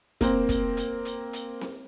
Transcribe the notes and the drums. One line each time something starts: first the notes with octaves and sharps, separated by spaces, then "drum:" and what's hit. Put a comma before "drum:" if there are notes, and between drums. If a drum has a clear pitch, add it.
A#3 C4, drum: kick, hi-hat
drum: kick, hi-hat
drum: hi-hat
drum: hi-hat
drum: hi-hat
drum: snare C4